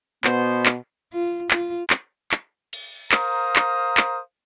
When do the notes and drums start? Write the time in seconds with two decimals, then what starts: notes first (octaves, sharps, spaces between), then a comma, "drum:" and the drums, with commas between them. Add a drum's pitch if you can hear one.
0.24 B2 B3 C5, drum: clap
0.66 drum: clap
1.13 F4
1.51 F4, drum: clap
1.90 drum: clap
2.31 drum: clap
2.73 drum: cymbal
3.12 A#4 C5 F5 A#5 D#6, drum: clap
3.56 drum: clap
3.97 drum: clap